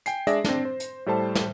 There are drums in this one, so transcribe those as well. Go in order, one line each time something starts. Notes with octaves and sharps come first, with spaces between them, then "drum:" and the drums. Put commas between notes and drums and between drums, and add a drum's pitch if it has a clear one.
G5 G#5 C7, drum: hi-hat
G#3 D4 G#4 D5 E5 A#6, drum: hi-hat
C4 D4, drum: snare
C5
drum: hi-hat
A2 G3 A4 C5 A5
drum: snare